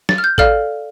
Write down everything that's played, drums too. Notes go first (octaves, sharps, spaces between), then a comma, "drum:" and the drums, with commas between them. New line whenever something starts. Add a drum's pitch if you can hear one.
A6, drum: snare
F6
G6
A4 D5 F5 F6, drum: kick A1